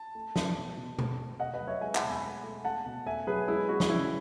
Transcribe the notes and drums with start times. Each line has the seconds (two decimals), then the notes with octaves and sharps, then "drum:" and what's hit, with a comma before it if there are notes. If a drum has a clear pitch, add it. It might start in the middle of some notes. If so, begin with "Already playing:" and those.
Already playing: A5
0.15 A3
0.36 A3, drum: snare
0.56 B2
0.77 B2
0.99 A3, drum: tom B2
1.18 A3
1.40 A3 D#5 F#5
1.54 B4 D#5
1.60 F#3
1.67 C#5 E5
1.81 G#3 E5 G#5
1.95 F#5 A5, drum: clap
2.03 B2
2.09 G#5 B5
2.23 A3
2.44 A3
2.64 A3 F#5 A5
2.86 B2
3.06 A3 E5 G#5
3.27 F#3 G#4 B4
3.48 G#3 E4 G#4
3.68 G#3 F#4
3.80 drum: snare
3.90 C#3 E4